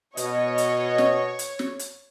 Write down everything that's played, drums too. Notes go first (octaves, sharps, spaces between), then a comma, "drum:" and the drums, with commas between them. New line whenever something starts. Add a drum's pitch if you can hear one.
B2 C#5 D#5, drum: hi-hat
drum: hi-hat
drum: snare
drum: hi-hat
drum: snare
drum: hi-hat